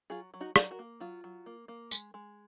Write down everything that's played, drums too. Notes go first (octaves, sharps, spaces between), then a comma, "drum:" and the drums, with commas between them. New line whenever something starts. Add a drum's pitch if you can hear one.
F#3 F4 G#4
F#3
D#4 F#4
F#3, drum: rim click
F#4 A#4
A#3
F#3 F4
F#3
A#3
A#3
G#3, drum: tambourine
G#3